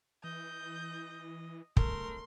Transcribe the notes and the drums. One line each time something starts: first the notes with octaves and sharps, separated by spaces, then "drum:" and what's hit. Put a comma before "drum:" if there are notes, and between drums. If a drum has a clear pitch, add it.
E3 D#5 G6
D1 A3 A#4 C6, drum: kick